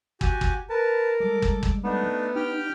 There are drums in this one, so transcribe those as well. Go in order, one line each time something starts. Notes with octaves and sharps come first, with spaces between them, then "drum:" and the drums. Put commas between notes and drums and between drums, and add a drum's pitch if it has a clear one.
F#4 G4 G#5, drum: kick
drum: kick
A#4 B4 A5
G3 G#3 A4 D6
drum: kick
drum: kick
A3 B3 D4 D#4
D4 D#4 G4 G5 F6